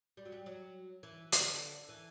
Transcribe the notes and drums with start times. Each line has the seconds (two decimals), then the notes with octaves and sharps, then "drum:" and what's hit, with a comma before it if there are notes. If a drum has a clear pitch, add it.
0.17 G3
0.25 F#3
0.32 G3
0.46 F#3
1.03 E3
1.32 D3, drum: hi-hat
1.89 E3